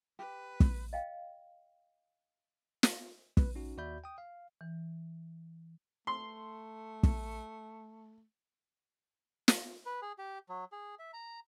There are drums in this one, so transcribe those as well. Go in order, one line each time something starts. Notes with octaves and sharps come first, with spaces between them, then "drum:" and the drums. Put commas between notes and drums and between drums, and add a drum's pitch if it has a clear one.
G4 B4
drum: kick
D#5 F5 G5
drum: snare
B4, drum: kick
C#4 D#4 F#4
D#2 F#4 D5 E5 B5 G6
G5 D#6
F5
E3
A3 C6
drum: kick
drum: snare
B4
G#4
G4
F#3
G#4
E5
A#5